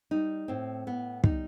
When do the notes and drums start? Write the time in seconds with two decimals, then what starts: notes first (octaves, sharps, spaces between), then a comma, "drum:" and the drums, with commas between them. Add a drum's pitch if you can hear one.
0.11 G3 D#4
0.48 A2 C4
0.87 A2 B3
1.24 G3 D#4, drum: kick